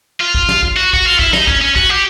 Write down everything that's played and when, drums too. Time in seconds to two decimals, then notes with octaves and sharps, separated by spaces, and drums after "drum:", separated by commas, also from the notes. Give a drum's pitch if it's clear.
0.21 F4
0.35 drum: kick
0.49 drum: snare
0.63 drum: kick
0.76 F#4
0.93 F#4, drum: kick
1.05 F4
1.19 E4, drum: kick
1.33 D#4, drum: snare
1.47 C#4, drum: kick
1.61 C#4
1.76 F#4, drum: kick
1.89 G4